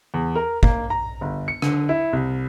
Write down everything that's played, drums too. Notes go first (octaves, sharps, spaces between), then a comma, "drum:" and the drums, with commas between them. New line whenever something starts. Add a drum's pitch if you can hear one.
E2
A#4
A#3, drum: kick
A#5
G1
C#7
D3, drum: rim click
E4
C2